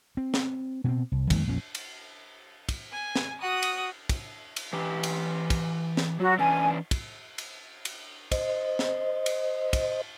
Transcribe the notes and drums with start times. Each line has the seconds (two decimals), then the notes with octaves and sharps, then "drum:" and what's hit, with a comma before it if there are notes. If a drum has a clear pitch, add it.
0.17 C4
0.34 drum: snare
0.84 B2 A#3 C4
1.12 C2
1.30 F2 D#3 G#3 A#3, drum: kick, cymbal
1.47 A#1 F2 F3 C#4
1.75 drum: cymbal
2.69 drum: kick, cymbal
2.92 G#5
3.16 drum: snare
3.41 F#4 D#6
3.62 drum: cymbal
4.09 drum: kick, cymbal
4.56 drum: cymbal
4.73 E3 G4
5.03 drum: cymbal
5.50 drum: kick, cymbal
5.97 drum: snare
6.20 F#3 F#4
6.39 E3 C#4 D4 G#5
6.91 drum: kick, cymbal
7.38 drum: cymbal
7.85 drum: cymbal
8.32 C5 D#5, drum: kick, cymbal
8.79 drum: snare
9.26 drum: cymbal
9.73 drum: kick, cymbal